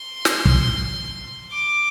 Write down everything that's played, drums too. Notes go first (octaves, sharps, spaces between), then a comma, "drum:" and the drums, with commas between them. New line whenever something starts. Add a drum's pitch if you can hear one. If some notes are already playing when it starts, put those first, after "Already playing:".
Already playing: C6
drum: snare
drum: kick
D6